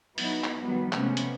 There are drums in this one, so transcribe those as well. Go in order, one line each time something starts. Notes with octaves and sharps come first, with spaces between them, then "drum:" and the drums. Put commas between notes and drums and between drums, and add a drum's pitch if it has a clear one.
F#3 B3 D#4 E4, drum: open hi-hat
drum: clap
D#3 F#3 G3 B3
C3 F3 G#3 A3 B3 C#4, drum: clap
drum: hi-hat